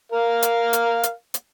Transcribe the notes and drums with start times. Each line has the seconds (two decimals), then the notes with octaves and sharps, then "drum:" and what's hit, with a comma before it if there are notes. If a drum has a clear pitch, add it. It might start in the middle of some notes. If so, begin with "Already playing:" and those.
0.12 A#4 F5
0.42 drum: hi-hat
0.73 drum: hi-hat
1.03 drum: hi-hat
1.34 drum: hi-hat